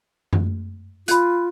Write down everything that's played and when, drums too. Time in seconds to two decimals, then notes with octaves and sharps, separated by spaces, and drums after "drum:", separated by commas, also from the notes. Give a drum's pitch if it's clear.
0.33 drum: tom F#2
1.08 F4 B5 F#6, drum: hi-hat